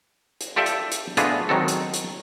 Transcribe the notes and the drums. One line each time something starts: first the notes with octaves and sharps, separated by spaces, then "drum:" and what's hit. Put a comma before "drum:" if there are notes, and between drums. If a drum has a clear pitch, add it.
drum: hi-hat
F4 G4 A4 D5 E5 G5
drum: hi-hat
drum: hi-hat
A3 B3 D4 F4 G#4 D#5, drum: hi-hat
D#3 F#3 G#3 C4 A4
drum: hi-hat
drum: hi-hat